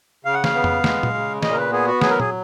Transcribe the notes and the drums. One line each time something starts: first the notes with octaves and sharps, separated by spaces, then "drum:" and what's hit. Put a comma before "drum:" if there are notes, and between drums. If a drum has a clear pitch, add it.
C#3 F5
F#5
F5, drum: snare
B3
drum: tom F2
G#3, drum: snare
drum: tom A#2
C#3
A#2 D#5, drum: snare
A#4
B4
B3 G#4
F#4
F#3 G#4, drum: snare
A#4
G#4, drum: tom A#2